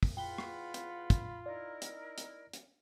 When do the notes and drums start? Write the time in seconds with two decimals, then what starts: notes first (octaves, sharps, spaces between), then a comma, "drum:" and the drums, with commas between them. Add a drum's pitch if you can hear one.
0.03 drum: kick, open hi-hat
0.17 E2 F4 F#5 G5 B5 G7
0.38 drum: rim click
0.74 drum: hi-hat
1.10 drum: kick, hi-hat
1.46 D#4 E4 A#4 D5
1.82 drum: hi-hat
2.18 drum: hi-hat
2.53 drum: hi-hat